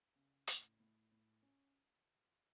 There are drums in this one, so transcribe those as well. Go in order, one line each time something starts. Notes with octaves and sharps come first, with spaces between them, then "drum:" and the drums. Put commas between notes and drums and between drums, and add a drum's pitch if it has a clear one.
C#3
A2, drum: hi-hat
A2
A2
C#4